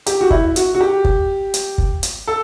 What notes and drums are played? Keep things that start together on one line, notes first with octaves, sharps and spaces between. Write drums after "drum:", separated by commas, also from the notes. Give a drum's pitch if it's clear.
G4, drum: hi-hat
F#4
E4, drum: kick
F#4, drum: hi-hat
F#4
G4
drum: kick
drum: hi-hat
drum: kick
drum: hi-hat
A4